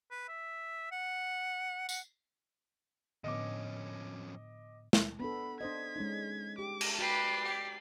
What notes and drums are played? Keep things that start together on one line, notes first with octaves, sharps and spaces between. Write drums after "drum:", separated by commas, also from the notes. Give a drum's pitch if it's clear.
B4
E5
F#5
F#5, drum: tambourine
F2 A2 D3 F3 B3 C#4 D#5 D6
drum: snare
B3 D4 A4 B5
D4 C5 D#5 G#6 B6
G#3 C#4 D#4
G4 D6
drum: cymbal
F#4 G4 B4 D5 C7
G4